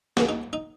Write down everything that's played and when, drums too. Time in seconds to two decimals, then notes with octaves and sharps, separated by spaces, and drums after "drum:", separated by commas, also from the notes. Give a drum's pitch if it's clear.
0.17 C#2 C#3 A#3 F#4, drum: snare
0.29 D#4
0.53 D#4